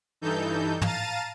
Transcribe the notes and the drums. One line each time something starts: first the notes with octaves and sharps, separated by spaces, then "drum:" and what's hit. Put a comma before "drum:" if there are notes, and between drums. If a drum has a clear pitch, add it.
G2 E3 D#4 A4 G6
F5 A5 A#5 A6 D#7, drum: tom